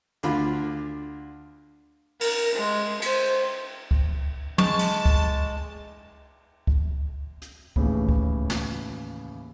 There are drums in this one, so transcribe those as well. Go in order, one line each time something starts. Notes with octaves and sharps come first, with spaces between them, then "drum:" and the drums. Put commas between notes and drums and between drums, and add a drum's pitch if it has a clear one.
D2 D3 F4 B5, drum: hi-hat
A#4, drum: cymbal
G#3
C5, drum: cymbal
drum: kick C#2
G#3 A5 C#6, drum: tom
drum: cymbal
drum: kick C#2
drum: kick C#2
drum: hi-hat
D#2 A2 C#3 E3, drum: kick C#2
drum: kick C#2
drum: snare